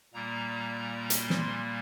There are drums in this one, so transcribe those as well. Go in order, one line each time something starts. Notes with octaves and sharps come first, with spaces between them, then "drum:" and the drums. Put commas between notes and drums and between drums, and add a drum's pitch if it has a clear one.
A#2 G3 A#3 A#5
C6, drum: hi-hat
drum: snare